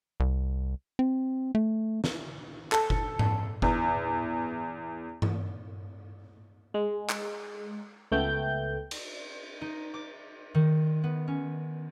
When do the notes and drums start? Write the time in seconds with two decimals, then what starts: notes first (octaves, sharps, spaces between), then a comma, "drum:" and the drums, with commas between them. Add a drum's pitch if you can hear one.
0.20 C2
0.99 C4
1.55 A3
2.04 drum: snare
2.72 A4, drum: clap
2.90 drum: kick F#1
3.19 drum: tom G#2
3.62 E2, drum: kick F#1
5.22 drum: tom G2
6.74 G#3
7.09 drum: clap
8.12 C#2 A3 B3 G5 G6
8.91 drum: cymbal
9.61 D#4
9.94 D6
10.54 D#3
11.04 B3
11.28 C#4